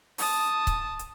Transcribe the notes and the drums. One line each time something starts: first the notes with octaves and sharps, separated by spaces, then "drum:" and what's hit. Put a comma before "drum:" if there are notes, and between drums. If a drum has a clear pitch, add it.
A5 D#6, drum: open hi-hat
drum: kick C#1, hi-hat
drum: hi-hat